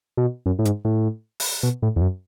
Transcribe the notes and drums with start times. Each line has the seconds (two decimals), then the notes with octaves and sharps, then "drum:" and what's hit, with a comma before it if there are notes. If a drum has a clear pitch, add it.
0.17 B2
0.46 F#2
0.59 A2
0.65 G#2, drum: hi-hat
0.85 A2
1.40 drum: open hi-hat
1.63 B2
1.82 A2
1.96 E2
2.01 F#2